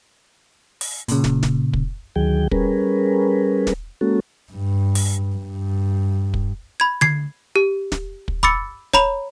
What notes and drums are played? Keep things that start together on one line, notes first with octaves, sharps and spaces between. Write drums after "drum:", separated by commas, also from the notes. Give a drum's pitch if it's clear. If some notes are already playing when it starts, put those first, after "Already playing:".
drum: open hi-hat
A#2 C#3, drum: hi-hat
drum: snare
drum: snare
drum: kick
D2 D#3 F#3 G#4 G5
G3 C#4 G#4 A#4 B4, drum: kick
drum: snare
G#3 A#3 C#4 F#4 A4
G2
drum: open hi-hat
G2
drum: kick
B5 G#6
G#6 C7, drum: tom D3
G4
drum: snare
drum: kick
B5 D6 E6 A6 C#7, drum: kick
C#5 A#5 B5 F7, drum: snare